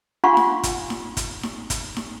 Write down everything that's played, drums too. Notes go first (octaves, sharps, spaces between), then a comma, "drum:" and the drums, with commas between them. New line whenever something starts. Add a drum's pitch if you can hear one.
D4 F4 F5 F#5 C6 C#6
drum: snare D#4
drum: kick, hi-hat
drum: snare D#4
drum: kick, hi-hat
drum: snare D#4
drum: kick, hi-hat
drum: snare D#4